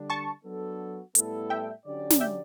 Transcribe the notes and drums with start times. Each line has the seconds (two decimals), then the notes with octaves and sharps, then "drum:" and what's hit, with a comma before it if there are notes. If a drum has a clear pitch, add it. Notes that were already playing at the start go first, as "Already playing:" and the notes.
Already playing: D3 G3 D4
0.10 A5 C#6
0.45 F#3 B3 D4 F#4 A4
1.15 A2 G3 B3 E4 A4, drum: hi-hat
1.50 E5 G5
1.85 D3 F#3 C#4 G4 D5
2.10 drum: snare
2.20 E5 G5